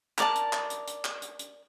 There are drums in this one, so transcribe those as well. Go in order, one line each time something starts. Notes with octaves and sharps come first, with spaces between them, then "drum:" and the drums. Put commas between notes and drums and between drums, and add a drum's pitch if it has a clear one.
A#4 D5 A5, drum: clap
drum: hi-hat
drum: clap
drum: hi-hat
drum: hi-hat
drum: clap
drum: hi-hat
drum: hi-hat